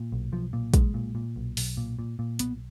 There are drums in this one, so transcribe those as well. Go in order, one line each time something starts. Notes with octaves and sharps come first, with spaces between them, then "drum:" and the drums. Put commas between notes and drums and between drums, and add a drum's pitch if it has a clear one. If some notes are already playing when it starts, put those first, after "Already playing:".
Already playing: A#2
B1
B1 F3
A#2
B1 G#3, drum: kick, hi-hat
A#2
A#2
B1
B1, drum: open hi-hat
A#2
A#2
A#2
B1 B3, drum: hi-hat